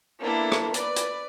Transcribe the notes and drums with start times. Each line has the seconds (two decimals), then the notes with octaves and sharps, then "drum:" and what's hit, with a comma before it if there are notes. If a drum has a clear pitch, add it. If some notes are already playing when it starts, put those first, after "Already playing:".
0.22 A#3 B3 D4 E4 A4
0.52 drum: rim click
0.74 B4 D5, drum: hi-hat
0.96 drum: hi-hat